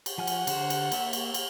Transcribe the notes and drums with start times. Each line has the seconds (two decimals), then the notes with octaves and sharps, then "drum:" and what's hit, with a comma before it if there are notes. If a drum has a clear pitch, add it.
0.06 drum: cymbal
0.18 F3 F#5 G#5 F6
0.27 drum: cymbal
0.47 D3 C5, drum: cymbal
0.70 drum: cymbal
0.92 A#3 E5, drum: cymbal
1.13 drum: cymbal
1.34 drum: cymbal